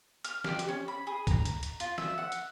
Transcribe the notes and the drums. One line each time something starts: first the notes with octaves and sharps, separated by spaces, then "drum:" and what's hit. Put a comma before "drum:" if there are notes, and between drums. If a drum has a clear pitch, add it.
F6, drum: hi-hat
G4, drum: snare
drum: hi-hat
C#4
B5
G#4
A#5, drum: kick C#2, hi-hat
drum: hi-hat
drum: hi-hat
F4, drum: hi-hat
E5, drum: snare
F#5
drum: hi-hat